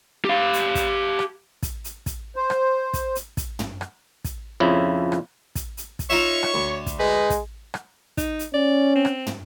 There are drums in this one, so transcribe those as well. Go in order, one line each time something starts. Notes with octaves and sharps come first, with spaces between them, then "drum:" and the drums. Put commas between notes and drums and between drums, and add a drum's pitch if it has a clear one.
G4 F5
drum: hi-hat
drum: kick, hi-hat
drum: rim click
drum: kick, hi-hat
drum: hi-hat
drum: kick, hi-hat
C5
drum: rim click
drum: kick, hi-hat
drum: hi-hat
drum: kick, hi-hat
drum: tom
drum: rim click
drum: kick, hi-hat
F2 C#3 E4
drum: rim click
drum: kick, hi-hat
drum: hi-hat
drum: kick, hi-hat
D#4 F4 C#5 E5 C#6
drum: rim click
D2
drum: kick, hi-hat
G#3 D#4 B4
drum: kick, hi-hat
drum: rim click
D#4, drum: kick, hi-hat
drum: hi-hat
C#4 D5
C4
drum: rim click
drum: tom